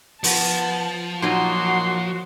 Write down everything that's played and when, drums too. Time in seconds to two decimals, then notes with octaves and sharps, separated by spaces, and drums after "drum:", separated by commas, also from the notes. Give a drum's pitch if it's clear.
0.24 F3 B3 A5, drum: open hi-hat
1.22 A#2 F#3 D#4 F#4 C6